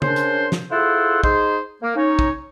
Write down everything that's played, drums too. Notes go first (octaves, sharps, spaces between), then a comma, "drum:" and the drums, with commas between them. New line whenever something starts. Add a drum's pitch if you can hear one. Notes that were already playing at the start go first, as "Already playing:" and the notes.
C#3 C#4 D4 A#4 C5, drum: tom C#3
drum: hi-hat
drum: snare
E4 F4 G#4 A4 C5 F#5
D#4 G#4 C5, drum: kick
A#3
C#4 D#4 C#5
drum: kick